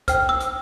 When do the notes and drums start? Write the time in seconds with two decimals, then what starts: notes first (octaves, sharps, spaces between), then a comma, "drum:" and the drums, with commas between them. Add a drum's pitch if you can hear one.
0.08 C5 G5 F6, drum: kick, hi-hat
0.29 E6
0.40 drum: hi-hat